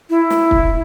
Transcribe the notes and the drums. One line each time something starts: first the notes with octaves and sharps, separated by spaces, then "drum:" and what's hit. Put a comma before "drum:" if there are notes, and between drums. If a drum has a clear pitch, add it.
E4
drum: snare
drum: kick